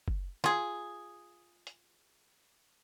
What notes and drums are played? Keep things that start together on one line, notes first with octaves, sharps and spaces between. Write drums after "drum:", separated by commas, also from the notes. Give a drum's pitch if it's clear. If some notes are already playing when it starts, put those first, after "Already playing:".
drum: kick F#1
F4 G#4, drum: snare
drum: hi-hat